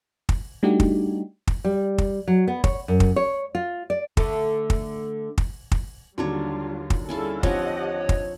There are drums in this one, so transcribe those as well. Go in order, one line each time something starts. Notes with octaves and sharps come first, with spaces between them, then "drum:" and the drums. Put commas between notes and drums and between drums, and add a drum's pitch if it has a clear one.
drum: kick
G3 A3 D4 D#4 F#4 G4
drum: kick
drum: kick
G3
drum: kick
F#3
B3
C#5, drum: kick
F#2
drum: kick
C#5
F4
D5
D3 A3, drum: kick
drum: kick
drum: kick
drum: kick
D#2 D3 F#3 G3 D4 F4 C#5
drum: kick
G3 C#4 E4 G#4 A4 F5
F3 C4 D4 G4 C#5 D#5 F#5, drum: kick
drum: kick